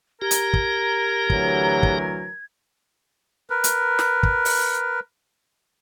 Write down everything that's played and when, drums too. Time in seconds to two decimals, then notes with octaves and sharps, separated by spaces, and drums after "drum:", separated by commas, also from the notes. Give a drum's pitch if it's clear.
0.22 G4 A#4 A#5 G#6
0.31 drum: hi-hat
0.53 drum: kick
1.30 D2 E3 F#3, drum: kick
1.83 drum: kick
3.50 A#4 B4
3.64 drum: hi-hat
3.99 drum: snare
4.23 drum: kick
4.45 drum: open hi-hat